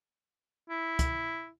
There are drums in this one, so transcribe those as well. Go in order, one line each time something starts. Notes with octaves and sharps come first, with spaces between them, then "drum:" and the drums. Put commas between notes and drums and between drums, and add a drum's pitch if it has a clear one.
E4
drum: kick C#2, hi-hat